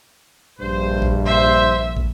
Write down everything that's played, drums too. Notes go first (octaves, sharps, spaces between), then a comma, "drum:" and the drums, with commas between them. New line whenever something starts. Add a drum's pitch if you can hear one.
A#1 G2 C5
drum: kick
C5 E5
drum: kick